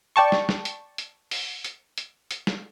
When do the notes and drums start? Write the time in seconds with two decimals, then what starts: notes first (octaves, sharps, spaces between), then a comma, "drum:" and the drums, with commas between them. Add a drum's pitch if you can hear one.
0.16 D5 G5 A5 C#6
0.32 drum: snare
0.49 drum: snare
0.65 drum: hi-hat
0.98 drum: hi-hat
1.31 drum: open hi-hat
1.64 drum: hi-hat
1.98 drum: hi-hat
2.31 drum: hi-hat
2.47 drum: snare